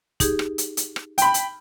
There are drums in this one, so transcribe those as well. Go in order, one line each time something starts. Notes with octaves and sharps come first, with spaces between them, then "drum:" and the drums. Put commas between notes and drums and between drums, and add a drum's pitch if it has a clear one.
D#4 G4 G#4, drum: kick, hi-hat
drum: rim click
drum: hi-hat
drum: hi-hat
drum: rim click
G5 B5, drum: hi-hat
drum: hi-hat